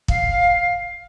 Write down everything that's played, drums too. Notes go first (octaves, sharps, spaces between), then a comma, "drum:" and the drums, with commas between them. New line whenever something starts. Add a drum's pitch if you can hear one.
F5, drum: kick